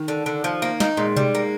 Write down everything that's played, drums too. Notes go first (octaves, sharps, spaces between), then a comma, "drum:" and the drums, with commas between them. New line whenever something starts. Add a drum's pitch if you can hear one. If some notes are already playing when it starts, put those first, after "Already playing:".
Already playing: D#3
D3
D3
F3
A#3
D#4, drum: snare
A#2 G#3
G3, drum: tom B2
A#3